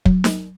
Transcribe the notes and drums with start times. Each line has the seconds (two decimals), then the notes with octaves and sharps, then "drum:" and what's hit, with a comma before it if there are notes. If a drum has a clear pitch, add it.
0.05 F#3, drum: kick
0.24 drum: snare